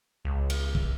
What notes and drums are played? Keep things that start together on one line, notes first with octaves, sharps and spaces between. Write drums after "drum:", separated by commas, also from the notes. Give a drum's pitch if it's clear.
C#2
drum: cymbal
drum: kick